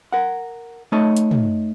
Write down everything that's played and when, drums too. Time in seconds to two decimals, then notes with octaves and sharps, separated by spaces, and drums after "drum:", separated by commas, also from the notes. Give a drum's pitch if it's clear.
0.12 A#4 F#5
0.92 A3 D#4 C#5 D#5 A5
1.17 drum: hi-hat
1.31 drum: tom